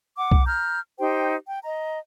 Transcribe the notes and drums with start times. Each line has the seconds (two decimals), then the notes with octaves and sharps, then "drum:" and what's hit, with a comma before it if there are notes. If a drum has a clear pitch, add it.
0.17 F#5 D6
0.32 drum: kick
0.45 A#5 F6 G6
0.99 D#4 G4 C5 G5
1.47 G5
1.63 D#5 A#5